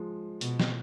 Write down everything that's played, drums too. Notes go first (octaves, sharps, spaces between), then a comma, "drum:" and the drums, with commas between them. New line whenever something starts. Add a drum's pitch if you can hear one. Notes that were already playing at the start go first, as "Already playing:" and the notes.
Already playing: F3 G#3
B2, drum: hi-hat
drum: snare